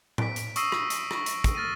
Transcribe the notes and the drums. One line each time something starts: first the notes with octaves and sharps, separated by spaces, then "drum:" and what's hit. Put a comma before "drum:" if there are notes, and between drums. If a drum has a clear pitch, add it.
B6 D7, drum: tom A2
drum: hi-hat
C#6 D#6 E6 A#6 C7 D#7, drum: hi-hat
drum: rim click
drum: hi-hat
C#6 A#6, drum: rim click
drum: hi-hat
drum: kick, hi-hat
F6 A6 A#6 D#7